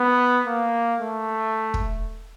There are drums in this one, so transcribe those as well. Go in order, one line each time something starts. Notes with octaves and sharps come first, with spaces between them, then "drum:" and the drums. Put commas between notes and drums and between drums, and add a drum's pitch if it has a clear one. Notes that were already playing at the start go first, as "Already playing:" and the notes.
Already playing: B3
A#3
A3
drum: kick